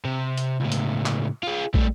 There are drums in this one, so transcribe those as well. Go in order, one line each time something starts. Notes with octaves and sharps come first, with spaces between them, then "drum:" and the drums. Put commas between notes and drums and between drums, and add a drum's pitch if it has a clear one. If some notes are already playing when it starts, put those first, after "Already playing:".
C3
drum: hi-hat
C#2 A2
drum: hi-hat
drum: clap
F4 G#4
G3 A3, drum: kick